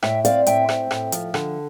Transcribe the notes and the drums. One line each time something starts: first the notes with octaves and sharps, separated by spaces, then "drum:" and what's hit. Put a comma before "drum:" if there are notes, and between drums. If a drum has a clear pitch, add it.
A2 E5 G5, drum: rim click
C4 D5 F5, drum: hi-hat
A2 E5 G5, drum: hi-hat
C4, drum: rim click
A2, drum: rim click
F3, drum: hi-hat
D3, drum: rim click